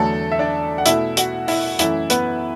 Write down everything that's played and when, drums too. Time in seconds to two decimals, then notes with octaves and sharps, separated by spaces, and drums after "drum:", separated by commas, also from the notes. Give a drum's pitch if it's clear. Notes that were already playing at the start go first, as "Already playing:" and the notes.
Already playing: E2 D3 F#3 A3 A4
0.32 E5
0.39 D4 D5
0.78 F#5
0.86 B2 A3 E4 E5, drum: hi-hat
1.17 F#4 F#5, drum: hi-hat
1.48 E4 E5, drum: open hi-hat
1.79 F#2 E3 A3 E4 E5, drum: hi-hat
2.10 B3 B4, drum: hi-hat